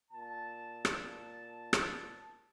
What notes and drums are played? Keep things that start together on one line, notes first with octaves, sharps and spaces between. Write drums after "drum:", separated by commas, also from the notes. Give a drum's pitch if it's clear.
A#2 A5
drum: rim click
drum: rim click